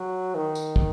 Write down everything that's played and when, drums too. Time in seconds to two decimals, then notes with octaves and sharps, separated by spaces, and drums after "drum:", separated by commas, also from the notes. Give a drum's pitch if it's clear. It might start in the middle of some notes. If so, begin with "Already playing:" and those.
Already playing: F#3
0.35 D#3
0.55 drum: tambourine
0.76 drum: kick